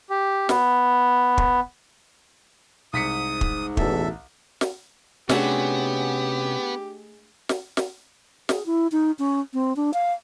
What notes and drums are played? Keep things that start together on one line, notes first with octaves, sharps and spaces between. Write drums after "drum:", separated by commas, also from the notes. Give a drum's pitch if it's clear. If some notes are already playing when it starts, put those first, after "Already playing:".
G4
B3, drum: snare
drum: kick
C2 G#2 D#6 B6 C#7
drum: kick
A1 E2 B2 A4 E5, drum: kick
drum: snare
C3 G#3 A3 B3 C#4 D4 F#4 G4, drum: snare
drum: snare
drum: snare
G#4, drum: snare
E4
D#4
C#4
C4
D4
F5